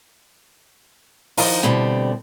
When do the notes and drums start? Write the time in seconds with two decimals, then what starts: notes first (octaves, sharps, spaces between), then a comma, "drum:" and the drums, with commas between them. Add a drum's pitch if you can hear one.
1.37 D#3 F3 D#4, drum: open hi-hat
1.63 B2 D3 G3 A3 C4